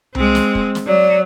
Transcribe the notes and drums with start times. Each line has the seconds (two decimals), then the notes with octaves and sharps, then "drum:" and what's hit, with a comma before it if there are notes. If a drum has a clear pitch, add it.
0.15 G#3 C4, drum: tom C2
0.35 drum: snare
0.55 drum: kick
0.75 drum: snare
0.87 F#3 D5